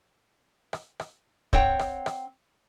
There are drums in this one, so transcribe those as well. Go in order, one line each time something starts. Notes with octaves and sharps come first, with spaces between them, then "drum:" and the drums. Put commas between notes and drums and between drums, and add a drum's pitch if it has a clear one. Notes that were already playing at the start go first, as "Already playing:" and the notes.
drum: rim click
drum: rim click
C4 C#5 F#5 G5, drum: kick
drum: rim click
drum: rim click